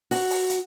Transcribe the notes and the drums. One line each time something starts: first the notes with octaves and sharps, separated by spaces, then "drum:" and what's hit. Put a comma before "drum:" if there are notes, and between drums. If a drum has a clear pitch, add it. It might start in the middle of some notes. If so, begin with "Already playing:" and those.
F#4, drum: open hi-hat
drum: open hi-hat
drum: hi-hat